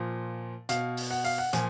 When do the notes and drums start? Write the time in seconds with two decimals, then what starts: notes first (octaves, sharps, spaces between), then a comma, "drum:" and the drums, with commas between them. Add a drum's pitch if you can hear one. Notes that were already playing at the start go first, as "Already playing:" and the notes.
Already playing: A#2 F3
0.69 B2 F5, drum: hi-hat
0.97 drum: open hi-hat
1.11 F#5
1.24 F5, drum: open hi-hat
1.38 F#5
1.53 A#2 F3 G#5, drum: hi-hat